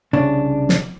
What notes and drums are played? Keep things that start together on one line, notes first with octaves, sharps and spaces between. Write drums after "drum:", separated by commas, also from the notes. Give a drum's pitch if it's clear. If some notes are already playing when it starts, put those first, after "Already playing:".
C2 C#3 D4
drum: snare